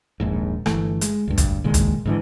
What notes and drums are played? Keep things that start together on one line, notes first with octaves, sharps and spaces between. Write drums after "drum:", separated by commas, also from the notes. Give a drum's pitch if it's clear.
D#1 A#1 G#2
G1 E3 A3, drum: rim click
G#3, drum: hi-hat
D2 G2
drum: kick, hi-hat
F#1 A#2 D#3 G#3
drum: kick, hi-hat
G#2 D3 E3